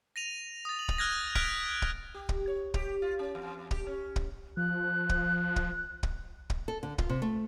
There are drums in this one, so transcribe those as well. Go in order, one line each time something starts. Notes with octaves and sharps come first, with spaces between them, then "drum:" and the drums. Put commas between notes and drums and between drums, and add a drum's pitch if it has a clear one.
A#6 D#7 F7
D#6 A6
F#7
drum: kick
F6 F#6 G#6 A#6
F6 F#6 G#6 B6 D7 F7, drum: kick
drum: kick
G4
drum: kick
C#5
G4, drum: kick
F4
C#4
E2
G4, drum: kick
C#4
drum: kick
F3 F#6
drum: kick
drum: kick
drum: kick
drum: kick
A4
D3
F4, drum: kick
C3
A3